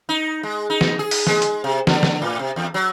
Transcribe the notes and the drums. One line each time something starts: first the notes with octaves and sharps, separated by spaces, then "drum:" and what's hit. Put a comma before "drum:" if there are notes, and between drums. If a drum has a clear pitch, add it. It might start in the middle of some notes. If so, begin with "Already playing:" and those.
D#4
G#3
D#4
drum: snare
G#4
drum: open hi-hat
G#3, drum: snare
drum: hi-hat
C3
D3, drum: snare
drum: snare
A2
C3
E2
F#3